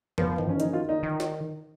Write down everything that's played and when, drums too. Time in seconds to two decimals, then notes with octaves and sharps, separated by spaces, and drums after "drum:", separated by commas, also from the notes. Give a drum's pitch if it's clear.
0.18 F3 B3, drum: tom
0.38 D#3, drum: tom G2
0.47 F3 C#4
0.56 D#3
0.60 D#4, drum: hi-hat
0.64 F3
0.73 D#3 F4
0.89 D#4
1.03 D#3
1.20 drum: snare